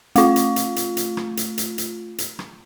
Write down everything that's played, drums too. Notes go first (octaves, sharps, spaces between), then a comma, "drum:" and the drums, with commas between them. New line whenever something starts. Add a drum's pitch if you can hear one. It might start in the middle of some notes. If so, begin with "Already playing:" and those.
A3 F4, drum: hi-hat
drum: hi-hat
drum: hi-hat
drum: hi-hat
drum: hi-hat
drum: rim click
drum: hi-hat
drum: hi-hat
drum: hi-hat
drum: hi-hat
drum: rim click